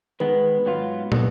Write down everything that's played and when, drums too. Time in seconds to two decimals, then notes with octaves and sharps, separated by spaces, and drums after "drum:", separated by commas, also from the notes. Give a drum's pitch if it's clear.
0.20 D#3 G#3 B3 B4
0.66 G#2 F#3 B3 F4
1.12 A#2 F#3 B3, drum: tom